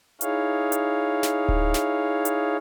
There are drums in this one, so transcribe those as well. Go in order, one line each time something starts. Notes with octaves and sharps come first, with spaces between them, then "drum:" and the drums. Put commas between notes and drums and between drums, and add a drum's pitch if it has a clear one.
D#4 E4 G#4 C#5 F5, drum: hi-hat
drum: hi-hat
drum: snare
drum: kick D1
drum: snare
drum: hi-hat